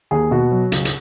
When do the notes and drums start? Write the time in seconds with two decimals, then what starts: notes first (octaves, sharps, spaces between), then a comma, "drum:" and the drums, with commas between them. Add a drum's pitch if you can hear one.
0.11 D#2 G#4
0.31 B2 F#4
0.52 F#3
0.72 C#2, drum: hi-hat
0.85 drum: hi-hat